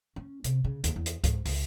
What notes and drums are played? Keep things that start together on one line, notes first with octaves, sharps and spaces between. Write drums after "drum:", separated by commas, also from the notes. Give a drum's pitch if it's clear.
C#4
C3, drum: hi-hat
C#3
D#2, drum: hi-hat
E2
drum: hi-hat
G#2, drum: kick C#2, hi-hat
C#2, drum: open hi-hat